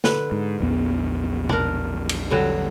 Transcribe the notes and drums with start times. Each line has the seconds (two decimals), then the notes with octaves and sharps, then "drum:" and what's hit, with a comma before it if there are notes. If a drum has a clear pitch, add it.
0.04 D3 B4, drum: snare
0.32 G#2
0.61 A#1 E2 B3
1.49 D4 A#4, drum: tom
2.09 drum: cymbal
2.31 G2 D3 F#3